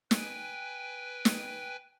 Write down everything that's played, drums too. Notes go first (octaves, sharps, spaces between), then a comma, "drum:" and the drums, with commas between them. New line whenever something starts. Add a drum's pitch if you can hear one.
B4 G5 G#5, drum: snare
drum: snare